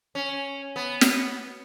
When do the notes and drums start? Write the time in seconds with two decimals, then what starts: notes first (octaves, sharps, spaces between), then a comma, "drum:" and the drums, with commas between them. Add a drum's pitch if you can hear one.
0.15 C#4
0.76 B3
1.01 drum: snare